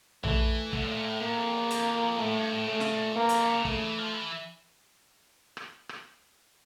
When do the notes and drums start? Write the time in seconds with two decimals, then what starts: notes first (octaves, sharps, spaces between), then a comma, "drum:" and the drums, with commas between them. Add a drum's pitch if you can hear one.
0.24 E3 A3, drum: tom A#1
0.73 D3 A3, drum: kick
0.84 A2
0.89 A#2
1.05 A2
1.21 A2 A#3
1.38 F2
1.53 E2
1.70 F2, drum: hi-hat
2.19 A2 A3
2.35 G2
2.52 A2
2.68 C#3 A3
2.80 C#3, drum: snare
2.92 A#2
3.16 G2 A#3
3.29 F2, drum: hi-hat
3.40 G2
3.54 C#3
3.61 A#2
3.65 C#3 A3, drum: kick
3.82 E3
3.98 F3
4.14 E3
5.57 drum: rim click
5.89 drum: rim click